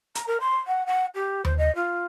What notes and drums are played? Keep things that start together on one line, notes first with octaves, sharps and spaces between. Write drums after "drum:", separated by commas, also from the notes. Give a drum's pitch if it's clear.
A#5, drum: hi-hat
A#4
C6
F#5
F#5
G4
C5, drum: tom D#2
D#5
F4